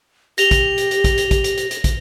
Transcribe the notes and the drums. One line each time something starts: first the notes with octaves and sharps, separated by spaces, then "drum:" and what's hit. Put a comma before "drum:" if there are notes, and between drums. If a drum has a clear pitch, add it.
G4 A#6 F7 G7, drum: hi-hat
drum: kick, hi-hat
drum: hi-hat
drum: hi-hat
drum: kick, hi-hat
drum: hi-hat
drum: kick, hi-hat
drum: hi-hat
drum: hi-hat
drum: hi-hat
drum: kick, hi-hat